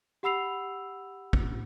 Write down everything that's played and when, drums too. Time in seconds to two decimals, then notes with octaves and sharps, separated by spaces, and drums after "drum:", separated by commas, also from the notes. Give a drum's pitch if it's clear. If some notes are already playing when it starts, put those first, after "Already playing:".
0.23 G4 F#5 B5 E6 C7 F7
1.33 drum: kick